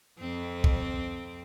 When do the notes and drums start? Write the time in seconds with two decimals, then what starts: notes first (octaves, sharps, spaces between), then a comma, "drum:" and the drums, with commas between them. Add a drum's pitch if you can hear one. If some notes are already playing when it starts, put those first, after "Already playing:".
0.19 F2 C4
0.64 drum: kick